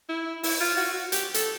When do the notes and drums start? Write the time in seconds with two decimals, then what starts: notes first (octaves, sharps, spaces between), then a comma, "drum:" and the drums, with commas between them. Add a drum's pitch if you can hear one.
0.09 E4
0.43 E4, drum: open hi-hat
0.60 F4
0.77 F#4
0.94 F#4
1.12 G4, drum: hi-hat
1.34 A4, drum: hi-hat